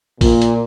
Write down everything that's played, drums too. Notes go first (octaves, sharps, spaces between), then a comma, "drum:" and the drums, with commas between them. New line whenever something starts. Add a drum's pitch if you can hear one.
A#2, drum: kick, open hi-hat
drum: hi-hat